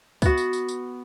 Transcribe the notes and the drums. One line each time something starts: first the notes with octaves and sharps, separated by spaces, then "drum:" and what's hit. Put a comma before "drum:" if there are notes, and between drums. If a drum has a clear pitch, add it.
B3 F#4, drum: kick, tambourine
drum: tambourine
drum: tambourine
drum: tambourine